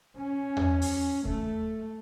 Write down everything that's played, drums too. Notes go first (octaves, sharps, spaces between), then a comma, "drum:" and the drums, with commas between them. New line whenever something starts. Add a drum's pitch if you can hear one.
C#4
drum: tom E2
drum: open hi-hat
A3, drum: kick D#2